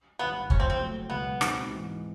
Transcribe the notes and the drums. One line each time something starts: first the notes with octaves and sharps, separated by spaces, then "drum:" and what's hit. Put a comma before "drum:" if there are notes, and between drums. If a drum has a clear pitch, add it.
G#1 G2 D#3 B3
D2 C#3 F3 C#4, drum: kick
C4
C4
A2 F#3 A3
C#2 B2 F#3 B3
B2 G#3 C4 D#4, drum: rim click
G#2 E3 G#3